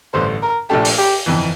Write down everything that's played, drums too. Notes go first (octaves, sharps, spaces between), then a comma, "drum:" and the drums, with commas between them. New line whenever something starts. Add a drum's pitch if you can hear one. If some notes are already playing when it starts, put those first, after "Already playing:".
A1 G2 D3 A3 C5
A#4
A#1 A#2 A3 D4 G4 A4
drum: open hi-hat
G4
G1 F2 E3